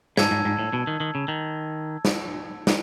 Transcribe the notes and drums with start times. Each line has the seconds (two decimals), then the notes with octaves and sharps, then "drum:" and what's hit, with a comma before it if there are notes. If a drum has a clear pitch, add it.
0.17 G#2 A5 E6 G#6, drum: snare
0.31 G#2
0.45 G#2
0.59 A2
0.73 B2
0.87 D#3
1.00 D#3
1.15 C#3
1.28 D#3
2.05 drum: snare
2.67 drum: snare